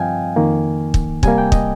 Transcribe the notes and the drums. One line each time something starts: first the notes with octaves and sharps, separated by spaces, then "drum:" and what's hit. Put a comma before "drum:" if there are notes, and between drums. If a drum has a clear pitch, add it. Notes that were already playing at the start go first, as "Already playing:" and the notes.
Already playing: G2 F3 C4 D#5 F5 G5 G#5
F2 D#3 A#3
drum: kick
C3 G3 A#3 G#5, drum: kick
G5
D#5, drum: kick